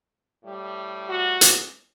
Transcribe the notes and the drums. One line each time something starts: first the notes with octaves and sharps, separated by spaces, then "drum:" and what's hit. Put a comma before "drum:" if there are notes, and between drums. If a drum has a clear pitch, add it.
A2 G3
F#4
drum: hi-hat